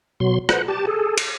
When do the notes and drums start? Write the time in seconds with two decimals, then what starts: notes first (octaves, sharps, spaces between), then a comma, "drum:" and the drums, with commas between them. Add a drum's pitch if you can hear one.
0.20 B2 F#3 C6
0.49 B4 C5 F#5, drum: rim click
0.68 G4 A5
0.87 G#4 A4
1.18 drum: cymbal